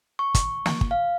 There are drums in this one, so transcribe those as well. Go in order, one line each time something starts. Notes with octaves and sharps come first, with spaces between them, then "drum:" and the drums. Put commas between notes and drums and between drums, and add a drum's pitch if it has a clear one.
C#6
drum: kick, hi-hat
drum: snare
drum: kick
F5